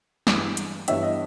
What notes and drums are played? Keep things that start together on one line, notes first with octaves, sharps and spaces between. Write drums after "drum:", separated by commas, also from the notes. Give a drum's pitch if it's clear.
G2 E3 G#3 B3, drum: snare
drum: hi-hat
G2 E3 G3 B3 C#5 E5, drum: hi-hat
D#5